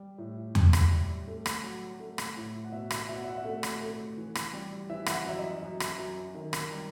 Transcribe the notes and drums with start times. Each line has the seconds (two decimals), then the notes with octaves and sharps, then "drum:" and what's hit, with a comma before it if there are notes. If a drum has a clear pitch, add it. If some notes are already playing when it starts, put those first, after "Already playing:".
Already playing: G3
0.18 A2
0.55 G3, drum: tom E2
0.73 drum: rim click
0.91 G3
1.27 A3
1.46 drum: rim click
1.63 F#3
2.00 A3
2.18 drum: rim click
2.37 A2
2.64 F#5
2.72 B2 E5
2.90 drum: rim click
3.09 B2 E5
3.16 F#5
3.22 E5
3.30 F#5
3.37 E5
3.45 A3 F#5
3.63 drum: rim click
3.81 A3
4.17 E3
4.35 drum: rim click
4.53 G3
4.90 E3 E5
5.06 F#5, drum: rim click
5.14 E5
5.26 F#2 E5
5.38 D#5
5.62 F#2
5.80 drum: rim click
5.98 F#2
6.35 D#3
6.53 drum: rim click
6.71 G3